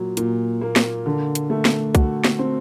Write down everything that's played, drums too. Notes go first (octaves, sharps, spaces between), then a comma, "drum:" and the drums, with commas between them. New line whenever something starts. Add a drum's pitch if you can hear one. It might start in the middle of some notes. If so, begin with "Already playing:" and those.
Already playing: A#2 F#3
A#2, drum: hi-hat
A#3
drum: snare
D3
drum: hi-hat
A3
drum: snare
F#4, drum: kick C2, hi-hat
drum: snare
C4